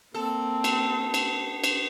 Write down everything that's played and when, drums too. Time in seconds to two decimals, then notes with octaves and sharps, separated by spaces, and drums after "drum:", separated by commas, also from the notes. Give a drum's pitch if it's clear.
0.14 A#3 C4 A4
0.64 drum: cymbal
1.14 drum: cymbal
1.64 drum: cymbal